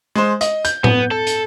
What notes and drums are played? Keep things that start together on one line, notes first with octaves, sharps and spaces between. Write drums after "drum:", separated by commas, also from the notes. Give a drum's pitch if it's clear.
G#3 C5
D#5, drum: hi-hat
G6, drum: hi-hat
B3, drum: tom A2
A4
drum: hi-hat